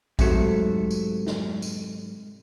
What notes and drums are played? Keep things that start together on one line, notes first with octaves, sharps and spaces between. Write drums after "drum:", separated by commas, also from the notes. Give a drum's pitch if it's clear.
G#2 C3 F#3 A3, drum: kick, tambourine
drum: tambourine
drum: snare
drum: tambourine